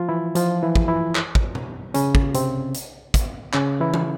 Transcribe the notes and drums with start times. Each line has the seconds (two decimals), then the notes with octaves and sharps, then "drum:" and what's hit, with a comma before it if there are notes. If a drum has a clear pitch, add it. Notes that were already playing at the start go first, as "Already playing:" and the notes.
Already playing: F3 F4
0.09 E3 E4
0.35 F3 F4, drum: hi-hat
0.62 E3 E4
0.75 drum: kick
0.88 E3 E4
1.15 drum: clap
1.35 drum: kick
1.55 drum: tom B2
1.94 C#3 C#4, drum: hi-hat
2.15 drum: kick
2.34 C3 C4, drum: hi-hat
2.74 drum: hi-hat
3.14 drum: kick, hi-hat
3.54 C#3 C#4, drum: clap
3.80 E3 E4
3.94 drum: tom E3